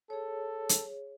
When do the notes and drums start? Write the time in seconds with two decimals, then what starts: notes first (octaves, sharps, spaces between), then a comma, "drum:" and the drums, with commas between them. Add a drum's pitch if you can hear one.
0.10 G#4 A4 C#5
0.69 drum: hi-hat